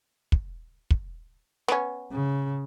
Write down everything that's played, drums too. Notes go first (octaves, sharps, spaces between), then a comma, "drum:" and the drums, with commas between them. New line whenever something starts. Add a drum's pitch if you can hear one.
drum: kick
drum: kick
B3 C#4, drum: snare
C#3